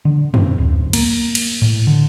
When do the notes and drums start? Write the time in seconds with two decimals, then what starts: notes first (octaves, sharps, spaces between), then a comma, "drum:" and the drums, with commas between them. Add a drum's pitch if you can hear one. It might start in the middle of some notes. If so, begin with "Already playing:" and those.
0.05 D3
0.34 C4, drum: tom
0.58 D1
0.93 A#3, drum: cymbal
1.35 drum: cymbal
1.62 A2
1.87 D3